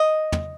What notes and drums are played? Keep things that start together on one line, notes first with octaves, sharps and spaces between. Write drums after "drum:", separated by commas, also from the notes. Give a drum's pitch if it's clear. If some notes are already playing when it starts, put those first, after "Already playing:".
Already playing: D#5
drum: tom